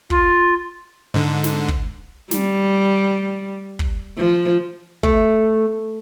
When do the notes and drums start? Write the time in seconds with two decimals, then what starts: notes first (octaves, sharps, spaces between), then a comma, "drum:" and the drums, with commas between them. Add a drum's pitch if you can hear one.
0.10 F4, drum: kick
1.14 G#2 D3
1.44 drum: snare
1.68 drum: kick
2.31 G3, drum: snare
3.79 drum: kick
4.17 F3
5.03 A3, drum: kick